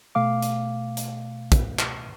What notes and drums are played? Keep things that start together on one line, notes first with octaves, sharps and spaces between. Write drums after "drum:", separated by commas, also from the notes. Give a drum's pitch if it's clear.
B2 A3 F5 D6
drum: hi-hat
drum: hi-hat
drum: kick, hi-hat
drum: clap